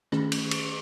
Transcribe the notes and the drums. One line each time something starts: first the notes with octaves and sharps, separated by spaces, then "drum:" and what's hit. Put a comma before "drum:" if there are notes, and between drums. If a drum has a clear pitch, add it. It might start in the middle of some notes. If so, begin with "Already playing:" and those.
D#3 A3 C#4 G#4, drum: rim click
drum: cymbal
drum: cymbal